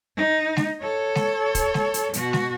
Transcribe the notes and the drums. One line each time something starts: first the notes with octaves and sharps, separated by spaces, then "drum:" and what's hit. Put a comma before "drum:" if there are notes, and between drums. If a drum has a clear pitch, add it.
D#4
drum: snare G#3
A4 C#5
drum: snare G#3
drum: kick, hi-hat
drum: snare G#3
drum: hi-hat
B2 F#4, drum: hi-hat
drum: snare G#3